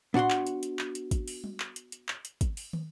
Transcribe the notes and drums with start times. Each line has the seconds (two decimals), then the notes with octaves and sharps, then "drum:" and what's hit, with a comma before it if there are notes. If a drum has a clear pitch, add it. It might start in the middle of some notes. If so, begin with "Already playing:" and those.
0.14 B3 D4 F#4 F#5 C6, drum: tom A2
0.30 drum: clap
0.47 drum: hi-hat
0.63 drum: hi-hat
0.79 drum: clap
0.95 drum: hi-hat
1.11 drum: kick, hi-hat
1.28 drum: open hi-hat
1.44 drum: tom G3
1.60 drum: clap
1.76 drum: hi-hat
1.92 drum: hi-hat
2.09 drum: clap
2.25 drum: hi-hat
2.41 drum: kick, hi-hat
2.57 drum: open hi-hat
2.73 drum: tom